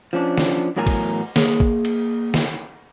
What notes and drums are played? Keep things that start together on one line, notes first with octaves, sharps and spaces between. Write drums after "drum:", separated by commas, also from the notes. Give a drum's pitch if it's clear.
F3 C#4 D4
drum: snare
E2 A2 F#3 A#4 G#5
drum: kick, cymbal
A#3 G#4, drum: snare
drum: kick
drum: cymbal
drum: snare